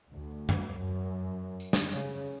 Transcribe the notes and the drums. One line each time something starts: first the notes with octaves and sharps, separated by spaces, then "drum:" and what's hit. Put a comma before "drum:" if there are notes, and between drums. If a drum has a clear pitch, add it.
D2
drum: tom F#2
F#2
drum: tambourine
drum: snare
C#3